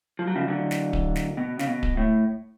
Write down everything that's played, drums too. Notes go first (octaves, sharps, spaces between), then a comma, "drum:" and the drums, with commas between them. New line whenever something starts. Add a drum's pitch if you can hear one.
F3
F#3
C#3 F3
D3 F#3
drum: snare
drum: kick D1
drum: snare
B2
C#3, drum: snare
B2
drum: kick D1
A2